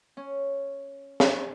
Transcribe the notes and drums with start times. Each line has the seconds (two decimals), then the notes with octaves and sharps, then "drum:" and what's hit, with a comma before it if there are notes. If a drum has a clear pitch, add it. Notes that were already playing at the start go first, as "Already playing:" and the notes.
0.17 C#4
1.20 drum: snare